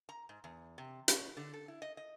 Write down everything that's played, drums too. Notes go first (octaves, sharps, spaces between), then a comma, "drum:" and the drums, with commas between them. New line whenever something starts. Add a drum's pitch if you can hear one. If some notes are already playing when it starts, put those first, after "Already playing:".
A#5
G#2
E2
C3
C#4, drum: hi-hat
D3
A4
E4
D#5
D#5